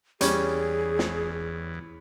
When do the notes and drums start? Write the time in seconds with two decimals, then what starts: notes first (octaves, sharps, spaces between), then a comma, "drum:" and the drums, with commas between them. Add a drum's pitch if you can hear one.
0.21 E2 G3 C#4 G#4, drum: hi-hat
0.99 drum: snare